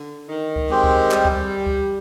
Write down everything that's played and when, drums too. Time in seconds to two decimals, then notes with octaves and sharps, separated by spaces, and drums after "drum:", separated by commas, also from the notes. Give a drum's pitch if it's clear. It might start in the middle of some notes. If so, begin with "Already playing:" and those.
Already playing: D3
0.29 D#3
0.56 drum: kick C#2
0.69 G#3 C4 G4 C5
0.84 drum: kick C#2
1.11 G3, drum: clap
1.25 drum: kick C#2
1.67 drum: kick C#2